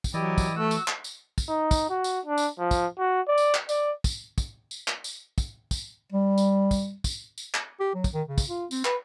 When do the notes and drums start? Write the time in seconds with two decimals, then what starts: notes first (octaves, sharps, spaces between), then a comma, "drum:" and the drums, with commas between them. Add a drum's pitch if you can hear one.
0.04 drum: kick, tambourine
0.14 E3 F#3 E4 G4 D5 D#5
0.38 drum: kick, tambourine
0.56 A3 F#4 F#5 E6
0.71 drum: tambourine
0.88 drum: clap
1.04 drum: tambourine
1.38 drum: kick, tambourine
1.49 D#4
1.71 drum: kick, tambourine
1.89 F#4
2.04 drum: tambourine
2.25 D4
2.38 drum: tambourine
2.59 F3
2.71 drum: kick, tambourine
2.98 F#4
3.27 D5
3.38 drum: tambourine
3.54 drum: clap
3.69 D5, drum: tambourine
4.04 drum: kick, tambourine
4.38 drum: kick, tambourine
4.71 drum: tambourine
4.88 drum: clap
5.04 drum: tambourine
5.38 drum: kick, tambourine
5.71 drum: kick, tambourine
6.12 G3
6.38 drum: tambourine
6.71 drum: kick, tambourine
7.04 drum: kick, tambourine
7.38 drum: tambourine
7.54 drum: clap
7.80 G4
7.95 F#3
8.04 drum: kick, tambourine
8.14 D#3
8.28 C#3
8.38 drum: kick, tambourine
8.49 F4
8.71 C4, drum: tambourine
8.85 B4, drum: clap